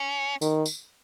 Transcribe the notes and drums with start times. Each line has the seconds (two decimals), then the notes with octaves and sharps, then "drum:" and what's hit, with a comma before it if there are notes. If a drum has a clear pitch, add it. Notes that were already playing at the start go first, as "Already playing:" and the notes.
Already playing: C#4
0.42 D#3, drum: tambourine
0.66 drum: tambourine